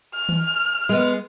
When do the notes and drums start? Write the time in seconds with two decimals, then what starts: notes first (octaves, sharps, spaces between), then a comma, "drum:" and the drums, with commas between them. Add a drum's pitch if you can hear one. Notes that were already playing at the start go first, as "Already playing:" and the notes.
0.15 F6
0.29 drum: tom D#3
0.89 G#3 B3